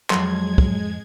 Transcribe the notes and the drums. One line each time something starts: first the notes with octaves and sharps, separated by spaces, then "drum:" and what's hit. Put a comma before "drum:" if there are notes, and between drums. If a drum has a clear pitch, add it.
F2 F#3 G#3 C6 G#6, drum: clap
drum: kick